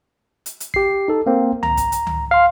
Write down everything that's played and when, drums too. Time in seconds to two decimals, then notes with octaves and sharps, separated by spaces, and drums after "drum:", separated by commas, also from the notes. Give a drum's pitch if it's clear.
0.46 drum: hi-hat
0.60 drum: hi-hat
0.74 G4 C7, drum: kick
1.08 D#4 A4
1.26 A#3 C4
1.63 A#5, drum: tom C#2
1.77 drum: kick, hi-hat
1.92 drum: hi-hat
2.07 drum: tom C#2
2.31 F5 C6